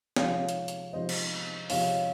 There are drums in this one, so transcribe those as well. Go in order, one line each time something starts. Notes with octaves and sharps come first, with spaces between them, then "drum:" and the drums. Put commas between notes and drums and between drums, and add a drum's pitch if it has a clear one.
C3 F3 G#3 C#5 F5, drum: snare
drum: hi-hat
drum: hi-hat
C3 F3 G#3 C5 D#5
drum: cymbal
C3 F3 G#3 C#5 F5, drum: open hi-hat